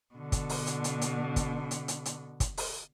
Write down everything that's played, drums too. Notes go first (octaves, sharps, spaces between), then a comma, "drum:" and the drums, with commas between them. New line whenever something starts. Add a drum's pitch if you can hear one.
B2 D3
drum: kick, hi-hat
drum: open hi-hat
drum: hi-hat
drum: hi-hat
drum: hi-hat
drum: kick, hi-hat
drum: hi-hat
drum: hi-hat
drum: hi-hat
drum: kick, hi-hat
drum: open hi-hat